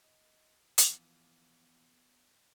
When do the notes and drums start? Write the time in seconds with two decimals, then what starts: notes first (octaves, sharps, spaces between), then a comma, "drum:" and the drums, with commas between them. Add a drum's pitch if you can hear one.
0.01 D#5
0.78 E3 F3 B3, drum: hi-hat